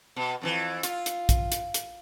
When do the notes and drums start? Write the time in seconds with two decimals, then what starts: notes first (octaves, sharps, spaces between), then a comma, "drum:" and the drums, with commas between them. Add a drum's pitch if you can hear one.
0.16 B2
0.42 F2 D#3 E3
0.83 F4, drum: hi-hat
1.06 drum: hi-hat
1.29 drum: kick A#1, hi-hat
1.52 drum: hi-hat
1.74 drum: hi-hat